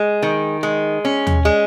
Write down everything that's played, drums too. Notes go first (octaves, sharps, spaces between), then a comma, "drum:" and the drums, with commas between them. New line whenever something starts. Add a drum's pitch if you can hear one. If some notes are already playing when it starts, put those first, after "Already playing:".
Already playing: G#3
D#3
G#3
C#4
drum: tom D#2
G#3